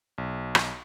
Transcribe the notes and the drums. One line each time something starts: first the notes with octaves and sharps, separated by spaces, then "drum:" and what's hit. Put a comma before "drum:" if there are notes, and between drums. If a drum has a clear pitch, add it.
B1
drum: rim click